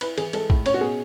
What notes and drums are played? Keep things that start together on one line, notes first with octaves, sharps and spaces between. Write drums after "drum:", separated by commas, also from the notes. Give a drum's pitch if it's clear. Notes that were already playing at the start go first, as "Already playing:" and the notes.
E4 B4, drum: cymbal
E3 G#4, drum: cymbal
G#3 A4, drum: cymbal
A2, drum: kick
C#4 C#5, drum: cymbal
F#4
B2 G#4